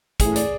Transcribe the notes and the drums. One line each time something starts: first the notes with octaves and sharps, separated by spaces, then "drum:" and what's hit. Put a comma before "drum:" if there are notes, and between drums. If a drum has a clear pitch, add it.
C#3 E3 A3 E4 G#4 A4, drum: kick, hi-hat
D5, drum: hi-hat